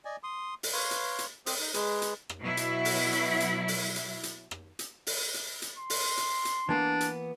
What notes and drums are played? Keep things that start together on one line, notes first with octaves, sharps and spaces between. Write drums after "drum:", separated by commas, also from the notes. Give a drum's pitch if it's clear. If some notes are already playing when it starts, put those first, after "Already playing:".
D5 D#5 G#5
C6 D#6
drum: open hi-hat
B4 C#5 F5 C6
drum: hi-hat
drum: hi-hat
C4 C5 D#6, drum: open hi-hat
D#4
G#3 G#4 B4, drum: hi-hat
drum: hi-hat
drum: rim click
B2 F#3 E4
drum: hi-hat
drum: open hi-hat
drum: hi-hat
drum: hi-hat
drum: open hi-hat
drum: hi-hat
drum: hi-hat
drum: rim click
drum: hi-hat
drum: open hi-hat
drum: hi-hat
drum: hi-hat
C6
drum: open hi-hat
drum: hi-hat
drum: hi-hat
E3 A#3 B3 D4
drum: hi-hat